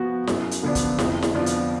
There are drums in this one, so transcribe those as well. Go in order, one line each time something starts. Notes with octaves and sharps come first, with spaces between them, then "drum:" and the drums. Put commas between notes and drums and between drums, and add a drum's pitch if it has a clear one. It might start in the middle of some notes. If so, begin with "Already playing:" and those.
Already playing: F3 B3 F#4
F#2, drum: snare E4
drum: hi-hat
D3 F3 B3 D4
drum: kick, hi-hat
F2, drum: snare E4
drum: snare E4
F3 B3 D4 F4
drum: hi-hat